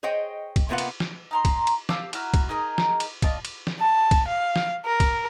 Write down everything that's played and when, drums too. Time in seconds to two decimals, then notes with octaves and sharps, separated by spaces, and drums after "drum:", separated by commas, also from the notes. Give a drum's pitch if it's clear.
0.03 G#4 C5 C#5 D#5 G5
0.56 drum: kick, cymbal
0.69 C3 A#3 B3 F4 F#5
0.78 drum: cymbal
1.00 drum: snare
1.31 D#4 A#5 C6
1.45 drum: kick, cymbal
1.67 drum: cymbal
1.89 G4 F5 A5 E6, drum: snare
2.13 E4 F#4 A#5 F6, drum: cymbal
2.34 drum: kick, cymbal
2.49 D#4 G#4 A#4 D#5
2.78 drum: snare
3.00 drum: cymbal
3.22 F4 D5 D#5 A5, drum: kick, cymbal
3.45 drum: cymbal
3.67 drum: snare
3.80 A5
4.11 drum: kick, cymbal
4.27 F5
4.56 drum: snare
4.85 A#4
5.00 drum: kick, cymbal